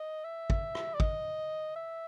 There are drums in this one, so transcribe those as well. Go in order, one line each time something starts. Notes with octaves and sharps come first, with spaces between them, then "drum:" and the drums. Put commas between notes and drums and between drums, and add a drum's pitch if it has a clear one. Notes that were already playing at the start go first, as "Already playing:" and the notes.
Already playing: D#5
E5
drum: kick
drum: rim click
D5
D#5, drum: kick
E5